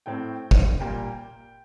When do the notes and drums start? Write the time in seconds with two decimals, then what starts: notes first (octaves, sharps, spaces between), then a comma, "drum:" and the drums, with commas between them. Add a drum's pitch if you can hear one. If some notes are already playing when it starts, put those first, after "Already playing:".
0.06 A2 A3 C4 G5
0.51 drum: kick
0.80 A#2 G3 A#3 G5